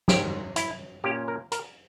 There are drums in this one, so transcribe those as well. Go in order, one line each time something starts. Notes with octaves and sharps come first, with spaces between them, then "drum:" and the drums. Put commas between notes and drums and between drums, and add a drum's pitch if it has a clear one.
G#2 D#3 G3 G4, drum: snare
E4, drum: hi-hat
A#2 A#3 C#4 G4
A#4
A#4, drum: hi-hat